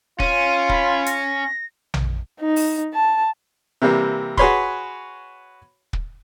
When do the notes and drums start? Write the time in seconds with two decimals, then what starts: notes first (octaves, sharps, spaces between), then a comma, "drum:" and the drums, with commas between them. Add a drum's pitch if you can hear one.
0.20 C#4 F4 D#7, drum: kick
0.69 B5, drum: kick
1.06 A#6, drum: hi-hat
1.94 drum: tom A#1
2.41 D#4
2.56 drum: open hi-hat
2.94 A5
3.82 C3 E3 G3 A#3
4.37 F#4 G#4 B4 C#5 B5 C6, drum: kick
5.93 drum: kick